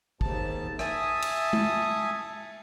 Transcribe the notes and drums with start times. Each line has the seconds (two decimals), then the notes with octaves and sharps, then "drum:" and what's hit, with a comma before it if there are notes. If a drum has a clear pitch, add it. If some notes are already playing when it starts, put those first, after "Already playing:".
0.21 D#2 G#2 A5, drum: kick
0.79 E5 G#5 A5 D#6, drum: rim click
1.22 drum: cymbal
1.53 drum: tom G#3